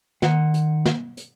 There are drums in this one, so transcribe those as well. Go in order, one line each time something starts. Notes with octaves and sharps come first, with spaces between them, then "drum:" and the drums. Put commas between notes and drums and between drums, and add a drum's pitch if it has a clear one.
D#3 F#5, drum: snare
drum: hi-hat
drum: snare
drum: hi-hat